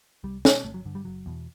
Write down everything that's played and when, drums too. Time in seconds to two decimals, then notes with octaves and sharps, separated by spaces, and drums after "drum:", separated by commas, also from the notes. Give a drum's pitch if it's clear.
0.24 C2 G3
0.45 B2, drum: snare
0.64 G1 A3
0.74 F#3
0.85 G2 D3
0.95 G3
1.05 F#1 F#3
1.26 E2 B2